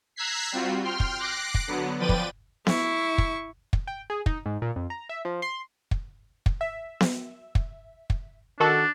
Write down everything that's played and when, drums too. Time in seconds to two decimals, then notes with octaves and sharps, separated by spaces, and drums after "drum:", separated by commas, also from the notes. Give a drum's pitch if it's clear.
0.16 A#5 E6 F#6 G#6 B6 C7
0.52 G3 C4 F4 F#4
0.84 G5 C6 F6
1.00 drum: kick
1.19 D6 F#6 A#6 C7 D7
1.54 drum: kick
1.68 D3 F#3 B3
2.00 F3 B4 D5 G5 A6 D#7
2.09 drum: kick
2.67 E4 C#6, drum: snare B3
3.18 drum: kick
3.73 drum: kick
3.87 G5
4.10 G#4
4.26 D#4, drum: kick
4.46 G#2
4.62 A#2
4.76 F2
4.90 A#5
5.09 E5
5.25 F3
5.42 C6
5.91 drum: kick
6.46 drum: kick
6.61 E5
7.01 drum: snare B3
7.55 drum: kick
8.10 drum: kick
8.60 D#3 D4 F#4 A4